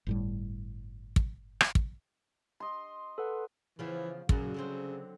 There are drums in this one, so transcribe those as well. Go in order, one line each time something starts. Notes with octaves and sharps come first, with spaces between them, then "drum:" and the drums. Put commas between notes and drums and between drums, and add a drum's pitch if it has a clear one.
G1 A2 G3
drum: kick
drum: rim click
drum: kick
D#5 C6
A4 B4 F#5
C#3 E3 F3 B3
F#2 A#2 C#3 F#3, drum: kick
D3 F#3 C4